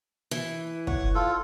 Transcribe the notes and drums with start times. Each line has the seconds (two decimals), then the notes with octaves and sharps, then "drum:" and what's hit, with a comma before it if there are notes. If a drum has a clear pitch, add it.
0.31 E3
0.87 C#5 F#5 C#6, drum: kick
1.15 F4 A4